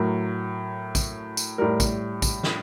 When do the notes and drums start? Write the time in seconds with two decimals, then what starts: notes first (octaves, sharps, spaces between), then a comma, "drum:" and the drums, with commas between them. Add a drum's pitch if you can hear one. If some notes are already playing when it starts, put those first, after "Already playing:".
Already playing: A2 F#3 A#4
0.95 drum: kick, tambourine
1.37 drum: tambourine
1.58 A2 G3 A#4
1.80 drum: kick, tambourine
2.22 drum: kick, tambourine
2.43 drum: snare